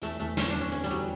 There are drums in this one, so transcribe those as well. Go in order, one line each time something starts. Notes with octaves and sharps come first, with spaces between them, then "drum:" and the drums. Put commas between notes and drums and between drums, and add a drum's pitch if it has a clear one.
E2 A3, drum: hi-hat
E2 A3
E2 C#4, drum: snare
D4
D3
C#4
D3 C#4, drum: hi-hat
G3
E2 F#3